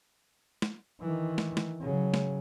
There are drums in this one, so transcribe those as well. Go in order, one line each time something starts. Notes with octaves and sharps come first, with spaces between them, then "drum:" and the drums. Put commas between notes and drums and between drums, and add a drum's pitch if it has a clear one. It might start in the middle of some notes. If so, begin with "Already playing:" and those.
drum: snare
D#3 E3
drum: snare
drum: snare
C#3 F#3
drum: snare